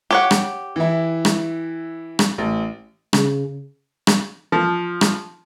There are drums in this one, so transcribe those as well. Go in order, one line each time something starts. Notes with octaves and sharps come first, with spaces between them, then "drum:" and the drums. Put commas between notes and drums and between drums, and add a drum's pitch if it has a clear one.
G4 C#5 F#5
drum: rim click
E3 E4
drum: rim click
drum: rim click
A1
C#3, drum: rim click
drum: rim click
F3
drum: rim click